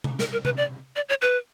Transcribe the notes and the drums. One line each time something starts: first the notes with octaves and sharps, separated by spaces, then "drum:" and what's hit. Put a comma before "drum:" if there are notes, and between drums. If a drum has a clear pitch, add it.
drum: tom C3
A#4, drum: snare
A#4
B4, drum: tom C3
D5
D5
C#5
B4